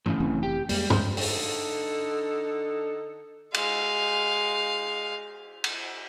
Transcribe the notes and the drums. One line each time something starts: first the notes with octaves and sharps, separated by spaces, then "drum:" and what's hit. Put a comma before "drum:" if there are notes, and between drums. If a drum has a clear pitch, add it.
A2 C#3, drum: tom G2
F1 E3 C4
G4
F2 G3 G#3 A#3, drum: open hi-hat
D2 G#3 C5, drum: tom
D3 D#4 A4, drum: open hi-hat
G#3 F5, drum: cymbal
drum: cymbal